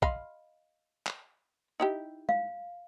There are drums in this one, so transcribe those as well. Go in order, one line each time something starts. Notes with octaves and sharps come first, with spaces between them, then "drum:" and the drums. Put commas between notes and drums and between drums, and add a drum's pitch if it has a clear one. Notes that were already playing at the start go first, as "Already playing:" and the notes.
D#5 F5 B5, drum: kick B1
drum: clap
D#4 E4 G4
F5, drum: tom G#3